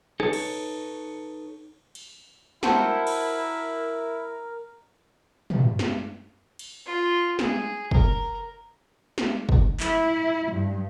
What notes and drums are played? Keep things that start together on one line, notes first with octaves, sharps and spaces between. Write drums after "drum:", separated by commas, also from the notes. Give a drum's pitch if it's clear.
D#4 A4 B4 C#5, drum: rim click
drum: cymbal
drum: cymbal
E4 F#4 A4 A#4 C5, drum: snare
drum: cymbal
drum: tom
drum: snare
drum: cymbal
F4
G#4, drum: snare
A#4, drum: kick
drum: snare
drum: kick
E4, drum: clap
G2